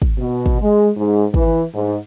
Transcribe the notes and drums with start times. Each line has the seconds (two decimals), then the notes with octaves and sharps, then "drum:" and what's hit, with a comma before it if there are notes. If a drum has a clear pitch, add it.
0.02 drum: kick
0.18 B2
0.46 drum: kick
0.62 G#3
0.97 G#2
1.34 E3, drum: kick
1.74 G#2